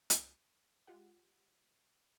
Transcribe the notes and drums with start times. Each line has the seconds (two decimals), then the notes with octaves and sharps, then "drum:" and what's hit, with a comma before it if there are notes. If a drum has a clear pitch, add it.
0.10 drum: hi-hat
0.87 G#3 F4 G4 F#5